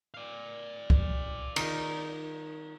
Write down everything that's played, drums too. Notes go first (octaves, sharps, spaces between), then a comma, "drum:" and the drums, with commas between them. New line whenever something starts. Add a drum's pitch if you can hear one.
D5 F5
drum: kick
D#3, drum: cymbal